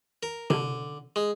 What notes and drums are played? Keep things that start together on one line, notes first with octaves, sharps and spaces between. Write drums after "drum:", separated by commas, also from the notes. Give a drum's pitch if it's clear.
A#4
D3, drum: tom C3
G#3